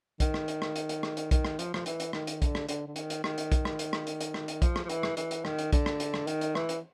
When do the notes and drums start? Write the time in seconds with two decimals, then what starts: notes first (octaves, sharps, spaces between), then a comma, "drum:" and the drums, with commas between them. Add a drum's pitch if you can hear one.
0.20 D#3, drum: kick B1, hi-hat
0.34 drum: rim click
0.48 drum: hi-hat
0.62 drum: rim click
0.76 drum: hi-hat
0.89 drum: hi-hat
1.03 drum: rim click
1.17 drum: hi-hat
1.31 D#3, drum: kick B1, hi-hat
1.45 drum: rim click
1.59 F3, drum: hi-hat
1.74 F3, drum: rim click
1.86 E3, drum: hi-hat
2.00 drum: hi-hat
2.13 D#3, drum: rim click
2.27 drum: hi-hat
2.42 D3, drum: kick B1, hi-hat
2.55 drum: rim click
2.69 D3, drum: hi-hat
2.88 D3
2.96 D#3, drum: hi-hat
3.10 drum: hi-hat
3.24 D#3, drum: rim click
3.38 drum: hi-hat
3.52 drum: kick B1, hi-hat
3.65 drum: rim click
3.79 drum: hi-hat
3.93 drum: rim click
4.07 drum: hi-hat
4.21 drum: hi-hat
4.34 drum: rim click
4.48 drum: hi-hat
4.62 F3, drum: kick B1, hi-hat
4.76 drum: rim click
4.85 F3
4.89 E3, drum: hi-hat
5.03 drum: rim click
5.17 E3, drum: hi-hat
5.31 drum: hi-hat
5.45 D#3, drum: rim click
5.59 drum: hi-hat
5.73 D3, drum: kick B1, hi-hat
5.86 drum: rim click
6.00 drum: hi-hat
6.14 drum: rim click
6.27 D#3, drum: hi-hat
6.41 drum: hi-hat
6.55 E3, drum: rim click
6.69 drum: hi-hat